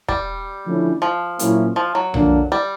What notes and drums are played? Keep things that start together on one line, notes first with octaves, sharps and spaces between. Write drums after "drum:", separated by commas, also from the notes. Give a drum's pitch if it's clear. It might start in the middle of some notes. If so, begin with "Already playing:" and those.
G3, drum: kick
D3 F3 A3 C#4 E4
F3
A#2 F#3 A#3 C#4 E4, drum: hi-hat
F3
F#3
D3 F3 A#3 D4, drum: tom B1
G3